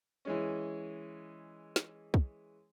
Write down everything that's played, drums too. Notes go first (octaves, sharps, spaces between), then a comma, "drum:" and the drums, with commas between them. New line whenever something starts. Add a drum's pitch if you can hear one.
E3 G#3 C#4
drum: snare
drum: kick